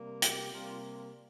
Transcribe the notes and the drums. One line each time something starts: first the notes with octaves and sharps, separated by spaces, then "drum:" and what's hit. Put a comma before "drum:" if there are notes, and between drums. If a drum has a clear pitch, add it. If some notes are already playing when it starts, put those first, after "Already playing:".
Already playing: C3 G3 A#3
G4, drum: hi-hat
C3 G3 A#3 F4